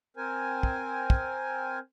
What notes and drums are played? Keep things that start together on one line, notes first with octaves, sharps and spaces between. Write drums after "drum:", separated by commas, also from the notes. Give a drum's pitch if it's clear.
C4 A#4 C5 G#5
drum: kick
drum: kick